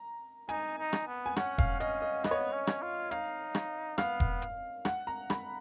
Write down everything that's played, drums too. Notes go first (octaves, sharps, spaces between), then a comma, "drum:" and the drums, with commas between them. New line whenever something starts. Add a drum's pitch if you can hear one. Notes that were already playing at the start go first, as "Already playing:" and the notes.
Already playing: A#5
D#4 G#5, drum: hi-hat
D#4
drum: rim click
B3
G#5
C#4 F#5, drum: rim click
F5, drum: kick E1
C#4 D#5, drum: hi-hat
D#5
B3 D#5, drum: rim click
C#5
D#5
C#4
drum: rim click
F4
D#4 F5, drum: hi-hat
drum: rim click
B3 F5, drum: rim click
drum: kick E1
drum: hi-hat
F#5, drum: rim click
A#5
B5, drum: rim click